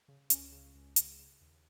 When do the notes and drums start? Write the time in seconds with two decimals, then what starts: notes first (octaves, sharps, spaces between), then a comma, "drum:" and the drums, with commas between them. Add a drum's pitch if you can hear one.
0.08 C#3
0.30 C#2 C#4, drum: hi-hat
0.52 C#3
0.74 C#2
0.96 C#3, drum: hi-hat
1.19 C#3
1.41 D#2